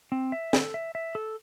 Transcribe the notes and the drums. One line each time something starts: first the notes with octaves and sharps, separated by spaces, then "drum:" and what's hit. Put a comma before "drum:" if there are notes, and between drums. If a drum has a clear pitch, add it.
C4
E5
A4, drum: snare
E5
E5
A4